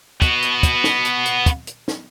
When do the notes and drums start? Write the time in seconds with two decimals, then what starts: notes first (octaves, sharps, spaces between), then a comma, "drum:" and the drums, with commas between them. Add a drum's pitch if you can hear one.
0.22 B3 F#4, drum: kick, hi-hat
0.42 drum: hi-hat
0.63 drum: kick, hi-hat
0.84 drum: snare
1.05 drum: hi-hat
1.26 drum: hi-hat
1.46 drum: kick, hi-hat
1.67 drum: hi-hat
1.88 drum: snare